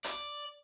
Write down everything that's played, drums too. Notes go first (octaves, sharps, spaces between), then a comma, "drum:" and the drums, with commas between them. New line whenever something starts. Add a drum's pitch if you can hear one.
D5, drum: hi-hat